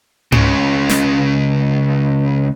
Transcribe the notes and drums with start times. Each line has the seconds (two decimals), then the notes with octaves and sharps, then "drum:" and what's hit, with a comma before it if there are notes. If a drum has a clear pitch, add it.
0.32 C#2 C#3, drum: tom G#2
0.89 drum: snare